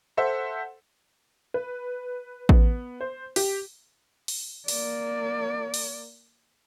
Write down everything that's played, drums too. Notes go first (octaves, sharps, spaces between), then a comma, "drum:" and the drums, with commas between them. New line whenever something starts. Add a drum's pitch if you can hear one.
A4 C5 E5 F#5
B4
B3, drum: kick A1
C5
G4, drum: open hi-hat
drum: open hi-hat
A#3 D5, drum: open hi-hat
drum: open hi-hat